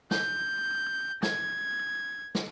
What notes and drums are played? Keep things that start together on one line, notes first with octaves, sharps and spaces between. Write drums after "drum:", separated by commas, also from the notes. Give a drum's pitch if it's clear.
G6, drum: snare
G#6, drum: snare
drum: snare